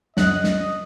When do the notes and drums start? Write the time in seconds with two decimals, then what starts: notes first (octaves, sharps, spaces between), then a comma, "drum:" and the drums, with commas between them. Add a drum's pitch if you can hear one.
0.17 C#2 F#2 D#5 F#6, drum: snare
0.44 drum: snare